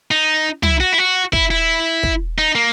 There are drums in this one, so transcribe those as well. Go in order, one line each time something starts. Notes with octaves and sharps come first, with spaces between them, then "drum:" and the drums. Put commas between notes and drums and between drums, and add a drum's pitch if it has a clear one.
D#4
E4, drum: tom
F#4
E4
F#4
E4, drum: kick
E4
drum: kick
D#4
A#3